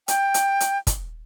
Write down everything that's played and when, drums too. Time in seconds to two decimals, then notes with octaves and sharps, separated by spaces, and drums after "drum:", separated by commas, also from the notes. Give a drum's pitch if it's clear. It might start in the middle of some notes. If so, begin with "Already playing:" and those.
0.08 G5, drum: hi-hat
0.34 drum: hi-hat
0.60 drum: hi-hat
0.87 drum: kick, hi-hat